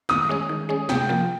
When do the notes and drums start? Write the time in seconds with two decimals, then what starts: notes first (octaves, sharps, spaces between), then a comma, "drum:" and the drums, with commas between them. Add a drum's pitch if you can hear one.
0.09 D#3 D#6, drum: snare
0.29 G#3 C#4 G#4
0.49 D#3
0.69 G#3 C#4 G#4
0.89 C3 G5, drum: snare
1.09 F3 A#3 F4